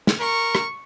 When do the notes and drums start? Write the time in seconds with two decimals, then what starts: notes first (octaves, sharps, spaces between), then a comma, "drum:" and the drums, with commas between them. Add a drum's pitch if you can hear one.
0.07 drum: snare
0.20 A#4 C#6
0.55 drum: rim click